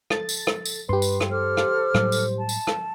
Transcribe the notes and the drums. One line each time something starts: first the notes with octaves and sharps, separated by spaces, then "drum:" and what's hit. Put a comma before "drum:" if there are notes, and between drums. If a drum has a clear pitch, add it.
A4 A6, drum: rim click
drum: tambourine
drum: rim click
drum: tambourine
G2 G4 B4 C6
drum: tambourine
drum: rim click
A4 C5 D6 F6
drum: rim click
A2 F#3 G3, drum: rim click
drum: tambourine
A5
drum: tambourine
drum: rim click